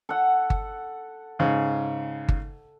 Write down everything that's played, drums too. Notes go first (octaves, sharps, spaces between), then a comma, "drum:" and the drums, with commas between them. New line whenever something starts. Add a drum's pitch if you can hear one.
A4 F#5
drum: kick G1
G#2 C#3
drum: kick G1